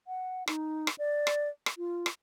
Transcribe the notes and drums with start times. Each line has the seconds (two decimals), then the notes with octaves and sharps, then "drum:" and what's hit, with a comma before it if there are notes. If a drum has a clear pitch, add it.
0.07 F#5
0.48 D#4, drum: rim click
0.87 drum: rim click
0.98 D5
1.27 drum: rim click
1.66 drum: rim click
1.78 F4
2.06 drum: rim click